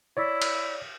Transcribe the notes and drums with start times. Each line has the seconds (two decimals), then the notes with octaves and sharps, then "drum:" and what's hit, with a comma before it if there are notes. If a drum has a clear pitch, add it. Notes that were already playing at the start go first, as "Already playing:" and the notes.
0.17 E4 C#5 D5
0.42 drum: cymbal